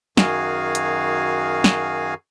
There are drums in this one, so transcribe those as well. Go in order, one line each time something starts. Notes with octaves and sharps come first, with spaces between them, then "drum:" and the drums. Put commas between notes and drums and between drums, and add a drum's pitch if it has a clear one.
F#2 D#3 F#4 G#4 F5 G#5, drum: snare
drum: hi-hat
drum: snare